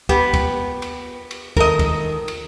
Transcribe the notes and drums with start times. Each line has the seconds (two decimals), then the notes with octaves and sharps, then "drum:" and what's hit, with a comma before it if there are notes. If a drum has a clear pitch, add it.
0.09 B3 G4, drum: kick
0.34 drum: kick, cymbal
0.82 drum: cymbal
1.31 drum: cymbal
1.57 D#3 A4 A#4 D#5, drum: kick
1.79 drum: kick, cymbal
2.28 drum: cymbal